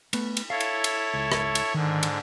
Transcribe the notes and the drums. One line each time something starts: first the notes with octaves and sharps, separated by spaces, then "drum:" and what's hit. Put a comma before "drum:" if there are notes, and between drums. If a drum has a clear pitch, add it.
A3 B3, drum: cymbal
drum: cymbal
E4 A4 C#5 F5
drum: cymbal
drum: cymbal
C#2
drum: rim click
drum: cymbal
G#2 D3 D#3
drum: cymbal